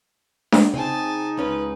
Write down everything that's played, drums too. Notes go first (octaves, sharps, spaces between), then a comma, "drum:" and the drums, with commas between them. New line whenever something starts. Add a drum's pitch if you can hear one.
drum: snare D4
C#3 C4 D#4 G#5 A5
C#2 C#4 B4